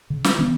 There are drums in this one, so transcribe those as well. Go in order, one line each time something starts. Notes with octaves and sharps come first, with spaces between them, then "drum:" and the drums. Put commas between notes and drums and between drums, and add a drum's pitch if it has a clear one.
C#3
drum: snare
E3 B3 D4